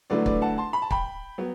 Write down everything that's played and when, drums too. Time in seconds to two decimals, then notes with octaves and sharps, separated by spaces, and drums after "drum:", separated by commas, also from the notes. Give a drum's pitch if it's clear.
0.10 D2 D3 F#3 A3 E4 B4 D5
0.26 B4 D5, drum: kick
0.42 F#5 A5
0.58 A5 C6
0.73 B5
0.82 A5
0.91 G5 B5, drum: kick
1.38 F#3 B3